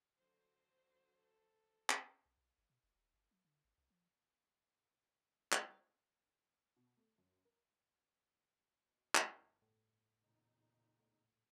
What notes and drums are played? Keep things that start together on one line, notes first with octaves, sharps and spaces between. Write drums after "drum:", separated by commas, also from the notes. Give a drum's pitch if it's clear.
D3 F#3 C5
A4
drum: clap
B1
B1
G1
B2
F1
D#1
G1
F#3
D3
G#1
C2
F3
drum: clap
G3 G4 F5
B2
A3
F#2
A#4
B2
G1, drum: clap
A2
E2 A#2 C#3 D#4
A2